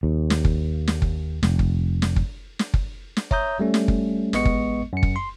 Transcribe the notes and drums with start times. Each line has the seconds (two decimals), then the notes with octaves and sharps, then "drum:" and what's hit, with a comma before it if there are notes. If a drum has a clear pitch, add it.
0.03 D#2
0.30 drum: snare
0.45 drum: kick
0.88 drum: snare
1.02 drum: kick
1.43 F1, drum: snare
1.59 drum: kick
2.02 drum: snare
2.16 drum: kick
2.59 drum: snare
2.74 drum: kick
3.17 drum: snare
3.31 C#5 E5 A#5 D#6 G6, drum: kick
3.59 G3 A3 C#4
3.74 drum: snare
3.88 drum: kick
4.33 A1 G#3 B3 D#5 C#6 C#7, drum: snare
4.45 drum: kick
4.93 F#2 C#7
5.03 drum: kick
5.16 C6